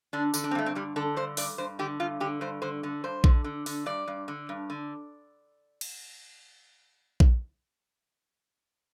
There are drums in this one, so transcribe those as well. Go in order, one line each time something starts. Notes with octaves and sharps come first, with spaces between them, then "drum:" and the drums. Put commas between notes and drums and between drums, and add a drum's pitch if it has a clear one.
D3 D4
D3, drum: tambourine
D4
C4
G2 A3
C4
D3 G3
D3 A4
G2 C5
G2 D5, drum: open hi-hat
G2 C5
D3 G4
G2 F4
D3 G4
G2 C5
D3 C5
D3
G2 C5
D3, drum: kick A#1
D3
D3, drum: open hi-hat
G2 D5
G2
D3
G2
D3
drum: cymbal
drum: kick A#1